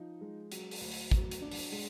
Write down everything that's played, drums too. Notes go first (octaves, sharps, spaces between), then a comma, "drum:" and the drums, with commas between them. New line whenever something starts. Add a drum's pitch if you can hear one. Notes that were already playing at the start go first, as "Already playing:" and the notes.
Already playing: F3 D#4
G#3
F#3, drum: hi-hat
drum: open hi-hat
D2
drum: open hi-hat
F#3, drum: kick, hi-hat
drum: hi-hat
D4
drum: open hi-hat
G#3, drum: open hi-hat